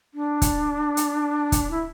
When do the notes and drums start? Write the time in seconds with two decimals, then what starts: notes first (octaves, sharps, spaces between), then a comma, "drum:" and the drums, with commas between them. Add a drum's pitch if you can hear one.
0.14 D4
0.42 drum: kick, hi-hat
0.97 drum: hi-hat
1.52 drum: kick, hi-hat
1.70 E4